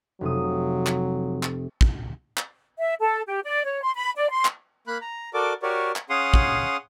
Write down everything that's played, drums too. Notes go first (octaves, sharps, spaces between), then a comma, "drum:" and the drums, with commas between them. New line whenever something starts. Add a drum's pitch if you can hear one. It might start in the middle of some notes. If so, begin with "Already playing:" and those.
F1 C3 F#3 D#6
drum: clap
drum: clap
drum: kick
drum: clap
E5
A4
G4
D5
C#5
C6
B5
D5
C6
drum: clap
A#3 B5 F#6
A#5
F#4 A4 A#4 D5 D6
F#4 G4 A#4 C#5 D5
drum: clap
C#4 G#4 F5 F#5 C6 D#6
drum: kick